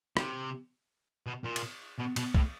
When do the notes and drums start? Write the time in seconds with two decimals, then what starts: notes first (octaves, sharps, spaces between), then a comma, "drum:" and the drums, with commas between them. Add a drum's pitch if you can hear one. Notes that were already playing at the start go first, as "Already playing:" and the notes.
0.17 C3, drum: rim click
1.26 B2
1.44 A#2
1.56 drum: cymbal
1.98 B2
2.16 B2, drum: cymbal
2.35 A2, drum: kick